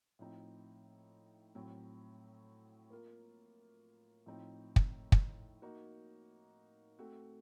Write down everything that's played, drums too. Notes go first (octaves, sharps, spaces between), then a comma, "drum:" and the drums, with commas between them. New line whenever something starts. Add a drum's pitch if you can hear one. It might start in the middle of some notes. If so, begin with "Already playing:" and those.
A2 F3 C4 D#4
A2 F#3 C4
A#3 F4 A#4
A2 F3 C4 D#4
drum: kick
drum: kick
A#3 D#4 F#4
A3 C4 F#4